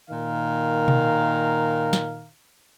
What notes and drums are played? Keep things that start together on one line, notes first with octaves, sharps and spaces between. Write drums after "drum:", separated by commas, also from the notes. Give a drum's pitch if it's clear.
A#2 D#3 F5 A#5
drum: tom B2
drum: snare